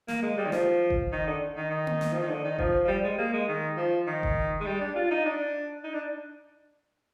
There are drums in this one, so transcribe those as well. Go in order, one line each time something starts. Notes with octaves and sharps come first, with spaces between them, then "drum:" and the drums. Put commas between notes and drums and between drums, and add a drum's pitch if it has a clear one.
A#3, drum: snare
G#3
G3
D#3
F3, drum: snare
drum: kick F#1
D#3
D3
D#3
D#3
drum: tom A#3
drum: snare
F3
D#3
D3
D#3
F3, drum: kick F#1
F3
G3
G#3
A#3
G#3
D#3
F3
D#3
drum: kick F#1
G#3
G3
D4
F4
D#4
D4
D#4
D4